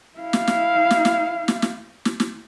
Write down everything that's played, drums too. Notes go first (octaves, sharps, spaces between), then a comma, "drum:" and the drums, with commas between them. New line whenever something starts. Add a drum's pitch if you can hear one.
E4 F5
drum: snare
drum: snare
drum: snare
drum: snare
drum: snare
drum: snare
drum: snare
drum: snare